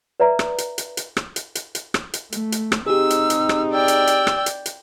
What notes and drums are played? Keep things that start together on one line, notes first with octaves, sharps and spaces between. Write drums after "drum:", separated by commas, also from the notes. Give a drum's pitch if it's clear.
B4 D5 E5 A#5
drum: rim click
drum: hi-hat
drum: hi-hat
drum: hi-hat
drum: rim click
drum: hi-hat
drum: hi-hat
drum: hi-hat
drum: rim click
drum: hi-hat
A3, drum: hi-hat
drum: hi-hat
drum: rim click
C4 D#4 G4 G#4 E6
drum: hi-hat
drum: hi-hat
drum: rim click
D5 G5 E6
drum: hi-hat
drum: hi-hat
drum: rim click
drum: hi-hat
drum: hi-hat